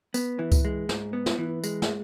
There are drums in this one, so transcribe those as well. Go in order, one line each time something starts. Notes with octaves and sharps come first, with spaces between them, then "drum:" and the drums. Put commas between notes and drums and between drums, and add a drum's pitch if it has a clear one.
B3, drum: tambourine
E3
drum: kick C#2, tambourine
G#3
G#2, drum: snare
B3
drum: snare
E3
G#3, drum: tambourine
drum: snare